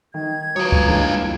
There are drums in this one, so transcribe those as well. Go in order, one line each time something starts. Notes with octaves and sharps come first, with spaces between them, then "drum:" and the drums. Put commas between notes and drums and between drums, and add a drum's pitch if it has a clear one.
D#3 G#6
F#3 F4 B4 C#5 A#5 D#6
drum: kick C#2
E2 G2 G#3 A#3 E4